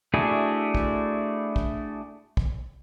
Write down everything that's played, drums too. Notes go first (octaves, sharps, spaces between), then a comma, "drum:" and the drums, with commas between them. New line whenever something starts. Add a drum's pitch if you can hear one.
A3 D4 E4 F#4 G#4
drum: kick
drum: kick
drum: kick